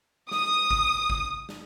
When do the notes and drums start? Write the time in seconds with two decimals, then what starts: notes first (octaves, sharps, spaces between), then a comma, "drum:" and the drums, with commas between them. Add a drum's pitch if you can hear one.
0.31 D#6, drum: snare
0.71 drum: kick G#1
1.10 drum: kick G#1
1.49 drum: snare